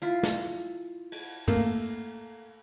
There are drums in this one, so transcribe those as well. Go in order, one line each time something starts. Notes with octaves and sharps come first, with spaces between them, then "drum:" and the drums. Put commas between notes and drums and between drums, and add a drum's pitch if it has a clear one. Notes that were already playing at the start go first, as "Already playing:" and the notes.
E4 F4
drum: snare
drum: cymbal
A3 A#3, drum: tom